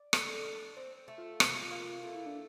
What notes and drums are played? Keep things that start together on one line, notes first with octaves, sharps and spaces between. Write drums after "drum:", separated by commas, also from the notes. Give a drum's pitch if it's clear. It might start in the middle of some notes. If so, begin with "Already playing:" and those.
Already playing: D5
D3, drum: rim click
D4
C4 C5
C5
A3
F4
C3, drum: rim click
A#3
A3 F4
E4
D4